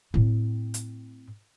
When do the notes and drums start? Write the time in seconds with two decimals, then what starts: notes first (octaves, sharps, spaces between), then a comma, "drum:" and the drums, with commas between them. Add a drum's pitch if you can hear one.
0.14 A2 C4, drum: kick
0.74 drum: hi-hat